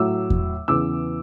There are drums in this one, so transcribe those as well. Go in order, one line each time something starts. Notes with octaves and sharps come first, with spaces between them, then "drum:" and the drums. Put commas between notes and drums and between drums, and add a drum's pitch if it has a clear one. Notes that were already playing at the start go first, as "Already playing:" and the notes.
Already playing: A2 F#3 D6 E6
drum: kick E2
E2 C#3 E3 D6 E6